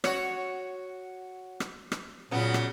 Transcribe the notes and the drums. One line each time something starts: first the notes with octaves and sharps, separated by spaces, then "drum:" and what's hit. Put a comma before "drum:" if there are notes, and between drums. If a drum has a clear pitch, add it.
F#4 C#5, drum: rim click
drum: rim click
drum: rim click
A#2 C#3 F#3 B3
drum: rim click